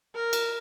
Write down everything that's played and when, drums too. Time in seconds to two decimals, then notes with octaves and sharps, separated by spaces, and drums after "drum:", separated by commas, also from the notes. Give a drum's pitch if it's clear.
0.14 A#4
0.33 drum: cymbal